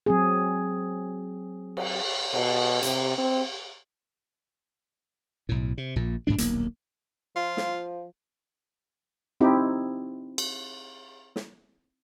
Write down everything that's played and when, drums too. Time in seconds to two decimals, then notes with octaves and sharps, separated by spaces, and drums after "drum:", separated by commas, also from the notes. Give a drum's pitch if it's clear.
0.06 F#3 C4 G#4
1.77 drum: cymbal
2.33 B2, drum: cymbal
2.83 C3, drum: hi-hat
3.18 C4
5.49 B1 A2
5.78 C3
5.96 A#1 A#2
6.27 D2 G#2 F#3 D4
6.38 D#1 B1 A#3, drum: hi-hat
7.36 F3 F4
7.57 drum: snare
9.41 C4 D#4 E4 G4
10.38 drum: cymbal
11.36 drum: snare